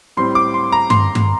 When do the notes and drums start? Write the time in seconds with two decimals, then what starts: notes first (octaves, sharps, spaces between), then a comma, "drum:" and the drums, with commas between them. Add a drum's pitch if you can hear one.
0.17 A2 G3 C4 C6
0.35 D6
0.54 C6
0.72 A#5
0.90 C6, drum: tom G2
1.15 drum: tom G2